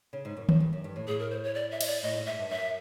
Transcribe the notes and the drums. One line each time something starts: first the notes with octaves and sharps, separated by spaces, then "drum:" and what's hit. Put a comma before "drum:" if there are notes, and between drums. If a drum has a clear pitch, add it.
C#3
G#2
F#2
F#2, drum: tom
G2
F#2
G2
A2
A2 G#4
A#4
C5
C#5
D5
E5
D#5, drum: cymbal
D5
A2 D#5
G#2
G#2 E5
G2
F#2 E5